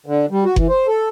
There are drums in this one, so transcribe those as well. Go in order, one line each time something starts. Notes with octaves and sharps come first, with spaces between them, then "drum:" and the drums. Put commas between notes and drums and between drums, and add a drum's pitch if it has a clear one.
D3
G3
F#4
E3, drum: kick F#1
C5
A4